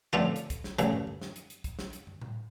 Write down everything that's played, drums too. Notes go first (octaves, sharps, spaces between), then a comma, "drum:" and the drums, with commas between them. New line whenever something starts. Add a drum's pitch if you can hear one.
F2 A2 D3 F4
drum: hi-hat
drum: kick, hi-hat
drum: snare
A1 C#3, drum: hi-hat
drum: tom
drum: tom
drum: snare
drum: hi-hat
drum: hi-hat
drum: kick, hi-hat
drum: snare
drum: hi-hat
drum: tom
drum: tom A2